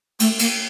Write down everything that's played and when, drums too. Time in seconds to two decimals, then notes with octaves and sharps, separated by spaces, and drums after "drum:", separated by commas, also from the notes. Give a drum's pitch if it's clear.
0.20 A3, drum: cymbal
0.39 A#3, drum: cymbal